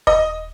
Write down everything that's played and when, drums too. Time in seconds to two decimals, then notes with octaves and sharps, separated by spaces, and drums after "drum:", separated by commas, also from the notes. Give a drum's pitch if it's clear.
0.07 D#5, drum: kick D#1